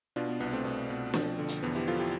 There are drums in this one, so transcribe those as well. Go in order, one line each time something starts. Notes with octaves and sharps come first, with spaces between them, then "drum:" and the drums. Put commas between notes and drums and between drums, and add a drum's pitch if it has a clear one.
B2 D4 F4
B3
C2 B3
A3 C4
B2
B2
F3, drum: snare
D3
drum: hi-hat
E2 B3
E4 G4
F3 F4 A4
E4 G4